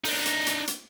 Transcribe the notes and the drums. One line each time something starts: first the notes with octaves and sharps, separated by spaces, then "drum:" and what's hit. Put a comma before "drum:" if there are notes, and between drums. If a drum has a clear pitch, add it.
D4 D#4, drum: open hi-hat
drum: hi-hat
drum: hi-hat
drum: hi-hat